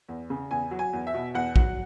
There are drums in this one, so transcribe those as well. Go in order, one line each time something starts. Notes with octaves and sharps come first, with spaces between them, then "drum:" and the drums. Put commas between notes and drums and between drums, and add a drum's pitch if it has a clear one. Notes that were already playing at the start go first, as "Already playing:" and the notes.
E2
C#3
E2 G#5
F#3
G#5
E2
E5
B2
E2 F#5
F#3, drum: kick A#1